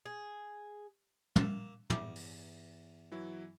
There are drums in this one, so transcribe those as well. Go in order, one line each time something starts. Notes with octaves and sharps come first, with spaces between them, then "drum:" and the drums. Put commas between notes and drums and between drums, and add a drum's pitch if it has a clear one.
G#4
A#3 E5, drum: tom
E2 G2 E5 D6, drum: tom
drum: open hi-hat
E3 F#3 E4